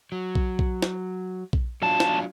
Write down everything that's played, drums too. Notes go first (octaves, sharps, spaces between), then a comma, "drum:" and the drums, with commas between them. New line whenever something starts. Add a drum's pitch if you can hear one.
F#3
drum: kick A#1
drum: kick A#1
drum: snare
drum: kick A#1
B1 F#3 D4 F4 A5
drum: snare